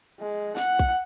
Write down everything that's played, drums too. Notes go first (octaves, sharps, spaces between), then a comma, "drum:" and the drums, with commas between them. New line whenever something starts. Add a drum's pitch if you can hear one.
G#3
F#5, drum: snare
drum: kick